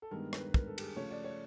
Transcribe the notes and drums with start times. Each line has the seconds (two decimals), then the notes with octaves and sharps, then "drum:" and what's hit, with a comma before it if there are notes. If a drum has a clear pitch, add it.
0.02 A4
0.11 G2 D#3 G#3 B3 A#4
0.33 B4, drum: rim click
0.48 B4
0.54 A#4, drum: kick
0.67 A4
0.78 G4, drum: cymbal
0.82 G#4
0.96 C#3 F3 A3 C#5
1.11 D5
1.24 C#5